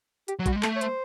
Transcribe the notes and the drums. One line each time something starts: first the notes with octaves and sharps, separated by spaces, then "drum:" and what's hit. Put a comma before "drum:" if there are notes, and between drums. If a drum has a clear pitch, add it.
G4, drum: hi-hat
F#3
G3 F#4, drum: kick A#1, hi-hat
G#3
A3 A4, drum: clap
C#5
C5, drum: hi-hat